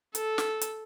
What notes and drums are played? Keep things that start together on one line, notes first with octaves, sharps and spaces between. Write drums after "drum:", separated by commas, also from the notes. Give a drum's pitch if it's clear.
A4, drum: hi-hat
drum: snare
drum: hi-hat